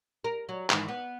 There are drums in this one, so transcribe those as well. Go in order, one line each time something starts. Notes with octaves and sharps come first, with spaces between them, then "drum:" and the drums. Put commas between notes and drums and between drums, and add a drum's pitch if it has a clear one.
A#4
F#3
G#2 D#3 E3, drum: clap
B3